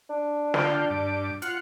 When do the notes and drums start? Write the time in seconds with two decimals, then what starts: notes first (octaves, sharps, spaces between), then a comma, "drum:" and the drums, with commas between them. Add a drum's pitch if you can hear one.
0.10 D4
0.54 D3 F4 G5, drum: snare
0.90 G2 D6
1.42 F4 F#5, drum: hi-hat